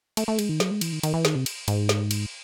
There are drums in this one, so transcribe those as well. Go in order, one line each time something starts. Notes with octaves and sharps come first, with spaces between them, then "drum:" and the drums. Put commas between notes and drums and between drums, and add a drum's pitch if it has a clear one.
A3, drum: cymbal
A3
G#3, drum: cymbal
D#3
F#3, drum: snare
G#3
E3, drum: cymbal
D#3
D#3, drum: cymbal
E3
D#3, drum: snare
C3
drum: cymbal
G#2, drum: cymbal
drum: snare
drum: cymbal